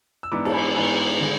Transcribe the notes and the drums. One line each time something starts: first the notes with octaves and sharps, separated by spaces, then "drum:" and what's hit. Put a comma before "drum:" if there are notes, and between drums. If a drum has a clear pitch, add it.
E6
G#2 E3 B3 D4 B5 D6
A5, drum: cymbal
G#5 B5
G#2 E3 B3 D4 G#5 B5
D3 G#3